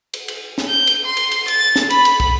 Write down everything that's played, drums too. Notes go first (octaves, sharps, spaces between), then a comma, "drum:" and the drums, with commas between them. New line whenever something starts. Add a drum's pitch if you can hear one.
drum: cymbal
drum: cymbal
drum: snare
G6
drum: cymbal
C6
drum: cymbal
drum: cymbal
A6, drum: cymbal
drum: snare
B5, drum: cymbal
drum: cymbal
drum: kick